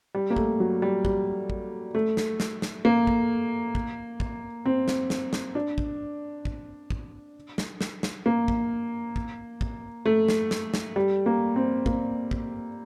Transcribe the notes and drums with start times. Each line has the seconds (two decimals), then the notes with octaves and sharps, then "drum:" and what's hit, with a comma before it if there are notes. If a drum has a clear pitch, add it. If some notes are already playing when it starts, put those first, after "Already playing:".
0.15 G3
0.30 A#3
0.36 A3, drum: kick
0.60 F#3
0.82 G3
1.05 G3, drum: kick
1.50 drum: kick
1.95 A3
2.17 drum: snare
2.40 drum: snare
2.62 drum: snare
2.85 A#3
3.07 drum: kick
3.75 drum: kick
4.20 drum: kick
4.66 C4
4.88 drum: snare
5.10 drum: snare
5.33 drum: snare
5.55 D4
5.78 drum: kick
6.45 drum: kick
6.90 drum: kick
7.58 drum: snare
7.81 drum: snare
8.03 drum: snare
8.26 A#3
8.48 drum: kick
9.16 drum: kick
9.61 drum: kick
10.06 A3
10.29 drum: snare
10.51 drum: snare
10.74 drum: snare
10.96 G3
11.26 A#3
11.56 C4
11.86 A#3, drum: kick
12.31 drum: kick